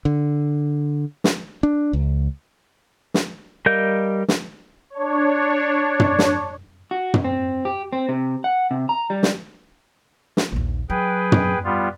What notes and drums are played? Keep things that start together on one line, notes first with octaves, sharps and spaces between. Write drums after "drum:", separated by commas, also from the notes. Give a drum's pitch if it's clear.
D3
drum: snare
D4
C#2
drum: snare
G3 A#4 D#5 F5 G6
drum: snare
D4 C#5
drum: tom
drum: snare
F#4
drum: tom
C4
G4
C4
C3
F#5
C3
A#5
G3
drum: snare
drum: snare
A#1 D#2
F#3 G#4 B4 G5
drum: tom
G3 B3 F4